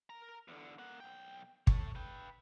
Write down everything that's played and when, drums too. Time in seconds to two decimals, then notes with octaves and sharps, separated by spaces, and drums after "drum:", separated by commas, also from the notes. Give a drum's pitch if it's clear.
0.10 A#4 A#5
0.48 E2 D3
0.79 A#3 F#5
1.00 B1 G5
1.67 A4 C#5, drum: kick
1.95 B4 G5